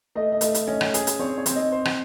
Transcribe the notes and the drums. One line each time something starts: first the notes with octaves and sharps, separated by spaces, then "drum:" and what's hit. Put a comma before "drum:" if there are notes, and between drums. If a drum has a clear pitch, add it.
A3 D#5
D#5
A3, drum: hi-hat
drum: hi-hat
C#4 D#5
drum: rim click
G#4, drum: hi-hat
drum: hi-hat
C4 C#5
C#5
C4, drum: hi-hat
D#5
C5
drum: rim click